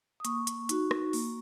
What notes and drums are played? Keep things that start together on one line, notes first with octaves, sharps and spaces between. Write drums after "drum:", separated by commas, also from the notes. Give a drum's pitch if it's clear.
D#6
A#3 C#6, drum: hi-hat
drum: hi-hat
D#4 F#4, drum: hi-hat
drum: rim click
A#3, drum: open hi-hat